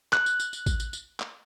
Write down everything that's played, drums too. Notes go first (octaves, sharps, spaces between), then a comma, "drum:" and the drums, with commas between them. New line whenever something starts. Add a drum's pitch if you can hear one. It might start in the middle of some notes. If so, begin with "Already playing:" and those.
F#6, drum: clap
drum: tambourine
drum: tambourine
drum: tambourine
drum: kick, tambourine
drum: tambourine
drum: tambourine
drum: clap